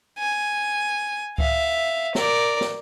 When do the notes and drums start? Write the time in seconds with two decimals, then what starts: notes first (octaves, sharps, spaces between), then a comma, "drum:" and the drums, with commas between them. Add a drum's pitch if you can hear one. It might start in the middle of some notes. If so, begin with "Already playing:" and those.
0.19 G#5
1.38 E5 F5, drum: kick C#2
2.15 A#4 D5, drum: snare
2.61 drum: snare